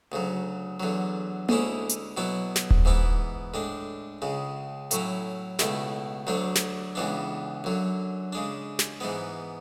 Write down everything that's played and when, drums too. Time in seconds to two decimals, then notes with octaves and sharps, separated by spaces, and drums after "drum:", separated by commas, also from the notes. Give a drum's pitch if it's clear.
0.12 D2 C#3 F#3
0.80 E2 D3 F#3
1.49 D2 D3 G#3 C#4 E4, drum: tom A#3
1.89 drum: hi-hat
2.17 B2 F#3 B3 E4
2.56 drum: snare
2.70 drum: kick D#1
2.85 G#2 E3 B3 E4
3.54 A2 G#3 D4
4.22 C#2 C#3 G#3
4.91 A2 F#3 C#4 E4, drum: hi-hat
5.59 C#2 B2 A3 E4, drum: snare
6.27 D2 D3 F#3 A3 D4
6.55 drum: snare
6.95 C#2 C#3 E3 B3 D4
7.64 F#2 D3 F#3
8.33 C#3 G#3 D4
8.79 drum: snare
9.00 G#2 E3 G#3 B3